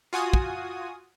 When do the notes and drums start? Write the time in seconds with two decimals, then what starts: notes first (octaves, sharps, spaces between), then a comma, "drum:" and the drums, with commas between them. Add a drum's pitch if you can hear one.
0.13 F4 F#4 G#5 D#6
0.33 drum: kick